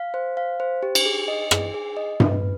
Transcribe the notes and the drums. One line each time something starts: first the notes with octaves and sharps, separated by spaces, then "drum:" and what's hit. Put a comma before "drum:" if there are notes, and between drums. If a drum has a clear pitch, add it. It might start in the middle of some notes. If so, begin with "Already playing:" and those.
Already playing: F5
C5
F5
C5
G4
drum: cymbal
G#4
D#5
G#4, drum: rim click
G#4
D#5
B4, drum: tom G2